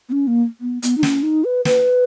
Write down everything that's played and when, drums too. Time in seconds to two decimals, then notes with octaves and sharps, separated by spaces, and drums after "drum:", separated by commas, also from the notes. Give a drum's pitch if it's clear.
0.09 B3
0.12 C#4
0.27 A#3
0.61 B3
0.82 B3, drum: hi-hat
0.98 D#4
1.03 C#4, drum: snare
1.23 D#4
1.45 B4
1.65 B4, drum: snare